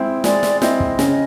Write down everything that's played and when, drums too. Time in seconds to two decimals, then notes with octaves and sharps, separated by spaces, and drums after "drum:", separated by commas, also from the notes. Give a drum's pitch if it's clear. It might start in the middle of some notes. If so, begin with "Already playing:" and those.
Already playing: G#3 C4 E4
0.24 G#3 D5, drum: snare
0.43 drum: snare
0.62 C4 E4 D#5, drum: snare
0.80 drum: kick
0.99 C#3, drum: snare